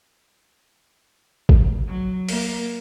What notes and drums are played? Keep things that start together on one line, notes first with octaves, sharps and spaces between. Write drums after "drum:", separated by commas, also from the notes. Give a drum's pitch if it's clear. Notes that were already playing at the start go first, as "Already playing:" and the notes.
drum: kick
F#3
A#3, drum: open hi-hat